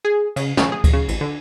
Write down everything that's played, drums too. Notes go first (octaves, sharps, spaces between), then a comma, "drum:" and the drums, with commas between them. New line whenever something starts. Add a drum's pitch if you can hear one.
G#4
C#3, drum: cymbal
C#4, drum: snare
G#4
drum: kick D2, cymbal
C#3
A1, drum: cymbal
D3